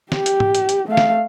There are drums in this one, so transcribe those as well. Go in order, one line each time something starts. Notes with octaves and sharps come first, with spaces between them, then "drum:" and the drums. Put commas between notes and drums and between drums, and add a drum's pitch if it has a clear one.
G4, drum: snare
drum: hi-hat
drum: tom
drum: hi-hat
drum: hi-hat
A3 F5
drum: snare